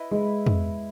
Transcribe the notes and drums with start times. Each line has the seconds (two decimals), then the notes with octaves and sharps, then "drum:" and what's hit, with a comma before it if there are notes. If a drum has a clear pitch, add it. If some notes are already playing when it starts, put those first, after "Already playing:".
Already playing: E4 B4 D#5
0.11 G#3
0.46 drum: tom